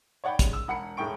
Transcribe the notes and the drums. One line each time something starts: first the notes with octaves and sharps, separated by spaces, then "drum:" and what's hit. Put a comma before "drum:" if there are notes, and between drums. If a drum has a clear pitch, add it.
C#5 D5 F#5 G5 B5
C#3 G3 G#3, drum: kick, hi-hat
E6
E1 F#5 B5 C#7
E1 A2 G#3 G5 C#6 D7